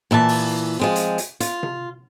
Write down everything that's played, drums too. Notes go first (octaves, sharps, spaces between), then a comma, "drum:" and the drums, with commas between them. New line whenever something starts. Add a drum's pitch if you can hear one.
A#2 E3 E5 A5
drum: open hi-hat
F3 G#3 C4
drum: hi-hat
drum: hi-hat
F4, drum: hi-hat
drum: tom C3